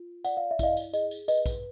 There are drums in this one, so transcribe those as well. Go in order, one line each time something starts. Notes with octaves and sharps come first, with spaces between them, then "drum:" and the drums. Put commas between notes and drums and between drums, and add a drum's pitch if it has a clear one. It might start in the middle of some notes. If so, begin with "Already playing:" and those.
Already playing: F4
D5 F#5, drum: tambourine
F5
E5
E4 D#5 F5, drum: kick A#1, tambourine
drum: tambourine
G#4 D#5, drum: tambourine
drum: tambourine
B4 D#5, drum: tambourine
drum: kick A#1, tambourine